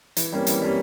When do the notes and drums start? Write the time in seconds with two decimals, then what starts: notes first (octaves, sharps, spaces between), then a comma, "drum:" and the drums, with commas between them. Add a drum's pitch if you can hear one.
0.17 E3, drum: hi-hat
0.32 G3 A#3 C#4
0.47 E3, drum: hi-hat
0.62 G3 A#3 C#4